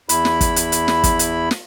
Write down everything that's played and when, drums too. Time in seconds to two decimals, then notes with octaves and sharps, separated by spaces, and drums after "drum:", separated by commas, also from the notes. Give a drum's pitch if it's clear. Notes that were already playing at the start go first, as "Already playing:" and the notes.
0.09 E2 E4 B5, drum: hi-hat
0.25 drum: snare
0.41 drum: kick, hi-hat
0.56 drum: hi-hat
0.72 drum: hi-hat
0.88 drum: snare
1.04 drum: kick, hi-hat
1.19 drum: hi-hat
1.51 drum: snare